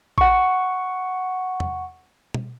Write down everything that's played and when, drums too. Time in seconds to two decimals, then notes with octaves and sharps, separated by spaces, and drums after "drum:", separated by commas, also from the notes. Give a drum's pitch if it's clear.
0.18 F#5 C#6, drum: kick A#1
1.60 drum: tom E2
2.34 drum: tom B2